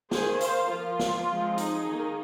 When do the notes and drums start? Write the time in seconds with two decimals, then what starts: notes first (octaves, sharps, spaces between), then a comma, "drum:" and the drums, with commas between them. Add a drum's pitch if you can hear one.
0.11 D#3 A#3 G#4 C5, drum: snare
0.41 C5 F5, drum: hi-hat
0.70 F3 A#3 F4
0.99 drum: snare
1.28 F3 G#3 C4
1.58 D#4 G#4, drum: hi-hat
1.87 D#3 A#3